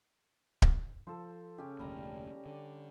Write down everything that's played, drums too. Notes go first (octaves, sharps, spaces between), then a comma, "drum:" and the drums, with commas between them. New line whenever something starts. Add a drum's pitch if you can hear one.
drum: kick D1
F3 A4 C5
C#3 C#4 G4
F1 D2 A#2 G3 A#5
D3